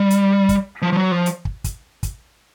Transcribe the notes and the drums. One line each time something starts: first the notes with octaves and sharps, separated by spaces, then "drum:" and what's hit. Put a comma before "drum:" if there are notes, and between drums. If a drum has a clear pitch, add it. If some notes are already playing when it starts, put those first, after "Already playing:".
Already playing: G3
drum: hi-hat
drum: kick, hi-hat
F3
F3
F#3
F3
drum: hi-hat
drum: kick
drum: kick, hi-hat
drum: kick, hi-hat